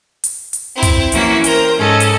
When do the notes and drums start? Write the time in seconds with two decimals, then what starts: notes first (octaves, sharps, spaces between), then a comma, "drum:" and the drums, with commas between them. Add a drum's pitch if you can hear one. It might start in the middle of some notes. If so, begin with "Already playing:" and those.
0.24 drum: hi-hat
0.53 drum: hi-hat
0.73 C4 E4
0.82 drum: kick, hi-hat
1.12 E3 A#3 C#4 E4 F#4, drum: hi-hat
1.44 A#4 C5 G5, drum: hi-hat
1.77 G#2 C#4 A4 D#5
2.00 drum: hi-hat